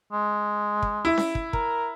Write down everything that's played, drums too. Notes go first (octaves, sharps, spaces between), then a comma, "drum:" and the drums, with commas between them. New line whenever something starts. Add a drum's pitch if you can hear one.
G#3
drum: kick
E4
drum: snare C#4
drum: kick
A#4, drum: kick